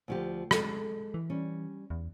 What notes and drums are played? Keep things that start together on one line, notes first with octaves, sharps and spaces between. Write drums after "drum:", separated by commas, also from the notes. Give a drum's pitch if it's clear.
D2 F3 G4
G#3 A4, drum: rim click
E3
G3 C#4
E2